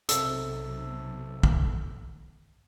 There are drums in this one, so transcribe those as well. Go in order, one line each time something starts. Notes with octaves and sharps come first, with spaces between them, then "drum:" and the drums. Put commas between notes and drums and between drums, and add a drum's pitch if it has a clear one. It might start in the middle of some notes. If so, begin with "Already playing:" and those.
B1 C3 A4 C5 E6, drum: hi-hat
drum: kick